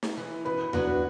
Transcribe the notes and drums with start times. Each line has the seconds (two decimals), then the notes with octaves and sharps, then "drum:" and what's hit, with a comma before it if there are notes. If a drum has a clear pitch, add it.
0.03 drum: snare
0.17 E3 G#3
0.45 B2 B4
0.73 F#3 B3 D4 F#4 B4, drum: tom D#2